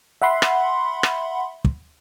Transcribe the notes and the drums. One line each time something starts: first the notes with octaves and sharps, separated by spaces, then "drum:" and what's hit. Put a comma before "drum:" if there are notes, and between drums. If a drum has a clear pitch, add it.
E5 F#5 B5 C6
drum: rim click
drum: rim click
drum: kick